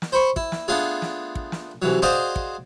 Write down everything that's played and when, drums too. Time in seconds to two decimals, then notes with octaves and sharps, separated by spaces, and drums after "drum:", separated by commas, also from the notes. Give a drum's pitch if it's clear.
0.02 drum: snare
0.12 C5 B5 C#6
0.36 E4, drum: kick
0.52 drum: snare
0.68 A3 B3 D4 F4 G#4
1.02 drum: snare
1.35 drum: kick
1.52 drum: snare
1.82 C2 E3 F#3
2.02 F#4 G#4 C5 D5 D#5 F5, drum: snare
2.36 drum: kick